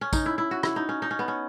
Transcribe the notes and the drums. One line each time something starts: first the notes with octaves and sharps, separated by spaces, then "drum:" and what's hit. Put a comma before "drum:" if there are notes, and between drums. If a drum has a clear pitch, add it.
C#4
D#4, drum: kick, tambourine
E4
E4
F#4
E4, drum: rim click
D#4
C#4
D#4
C#4
B3
C#4